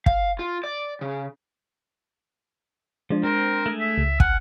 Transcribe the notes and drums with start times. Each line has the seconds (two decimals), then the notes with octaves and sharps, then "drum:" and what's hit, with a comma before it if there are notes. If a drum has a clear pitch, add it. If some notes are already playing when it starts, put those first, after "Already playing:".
0.06 F5, drum: kick
0.39 F4
0.64 D5
1.01 C#3
3.10 F3 G#3 D4
3.23 C4 A#4 C5
3.66 A3 G#4 G#5
3.80 E5
3.98 C#2
4.20 F#5 G#5 F6, drum: kick